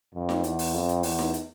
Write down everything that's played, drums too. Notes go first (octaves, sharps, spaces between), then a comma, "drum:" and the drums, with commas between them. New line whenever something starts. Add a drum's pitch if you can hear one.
F2
drum: snare D#4
E2, drum: hi-hat
drum: open hi-hat
F2
drum: hi-hat
E2, drum: open hi-hat
drum: snare D#4
drum: hi-hat